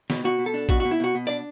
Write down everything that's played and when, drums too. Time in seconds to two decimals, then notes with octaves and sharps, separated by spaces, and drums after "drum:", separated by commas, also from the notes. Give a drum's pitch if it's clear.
0.10 B2, drum: snare
0.24 B2 F#4
0.39 B2
0.46 A4
0.54 D4
0.69 B2 F#4, drum: kick A#1
0.80 B2 F#4
0.91 E4
1.00 B2 F#4
1.15 B2
1.27 D4 D5